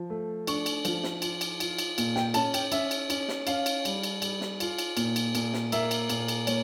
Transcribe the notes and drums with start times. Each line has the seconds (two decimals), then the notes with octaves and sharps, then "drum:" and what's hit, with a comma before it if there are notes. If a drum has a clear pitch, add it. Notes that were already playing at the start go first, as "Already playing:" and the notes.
Already playing: F3
0.10 A3
0.47 D4 C#6, drum: cymbal
0.66 drum: cymbal
0.85 F3, drum: cymbal
1.04 drum: snare
1.22 F4, drum: cymbal
1.41 drum: cymbal
1.60 F4, drum: cymbal
1.79 drum: cymbal
1.98 A#2, drum: cymbal
2.16 G5, drum: snare
2.34 C#4 A5, drum: cymbal
2.54 G5, drum: cymbal
2.72 C#4 E5, drum: cymbal
2.91 drum: cymbal
3.10 C#4, drum: cymbal
3.28 drum: snare
3.47 C#4 F5, drum: cymbal
3.66 drum: cymbal
3.85 G3, drum: cymbal
4.03 drum: cymbal
4.22 G3, drum: cymbal
4.41 drum: snare
4.60 F4, drum: cymbal
4.78 drum: cymbal
4.97 A#2, drum: cymbal
5.16 drum: cymbal
5.35 A#2, drum: cymbal
5.53 drum: snare
5.72 A#3 E5, drum: cymbal
5.91 drum: cymbal
6.10 A#2, drum: cymbal
6.28 drum: cymbal
6.47 A#3 C#5, drum: cymbal